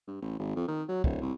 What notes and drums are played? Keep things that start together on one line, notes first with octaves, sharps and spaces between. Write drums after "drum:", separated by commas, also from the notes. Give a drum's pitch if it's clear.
G2
A1
G#1
F2
D#3
F#3
D1, drum: kick
C2